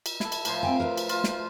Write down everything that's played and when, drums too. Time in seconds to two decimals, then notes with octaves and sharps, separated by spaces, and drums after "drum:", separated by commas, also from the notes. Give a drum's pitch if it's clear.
0.06 drum: cymbal
0.20 E4 A4, drum: snare
0.32 drum: cymbal
0.45 A2 F3 C6, drum: cymbal
0.63 C4 G5 G#5
0.80 A#4 B4 E5
0.97 drum: cymbal
1.09 F4, drum: cymbal
1.24 drum: snare